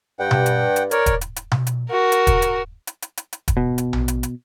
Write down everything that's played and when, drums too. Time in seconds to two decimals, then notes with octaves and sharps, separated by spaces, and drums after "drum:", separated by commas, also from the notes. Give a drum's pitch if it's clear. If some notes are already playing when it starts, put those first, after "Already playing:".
0.19 G2 F#5 G5
0.31 drum: tom B2
0.46 drum: hi-hat
0.76 drum: hi-hat
0.91 A#4 C#5 D5, drum: hi-hat
1.06 drum: kick, hi-hat
1.21 drum: hi-hat
1.36 drum: hi-hat
1.51 drum: tom B2
1.67 drum: hi-hat
1.89 F#4 A#4
2.12 drum: hi-hat
2.27 drum: kick, hi-hat
2.42 drum: hi-hat
2.87 drum: hi-hat
3.02 drum: hi-hat
3.17 drum: hi-hat
3.33 drum: hi-hat
3.48 drum: kick, hi-hat
3.57 B2
3.78 drum: hi-hat
3.93 drum: tom A#1
4.08 drum: hi-hat
4.23 drum: hi-hat